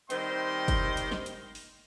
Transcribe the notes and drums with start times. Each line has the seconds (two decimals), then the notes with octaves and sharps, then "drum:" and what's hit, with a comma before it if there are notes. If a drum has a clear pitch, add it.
0.10 D#3 G3 C4 C5 D#5 C6, drum: hi-hat
0.68 drum: kick, hi-hat
0.97 drum: hi-hat
1.12 drum: snare
1.26 drum: hi-hat
1.55 drum: open hi-hat